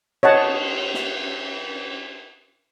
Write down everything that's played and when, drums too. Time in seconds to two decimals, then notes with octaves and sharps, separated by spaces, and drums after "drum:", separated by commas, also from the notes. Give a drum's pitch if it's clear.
0.23 C#5 D#5 F#5 A5, drum: cymbal
0.94 drum: snare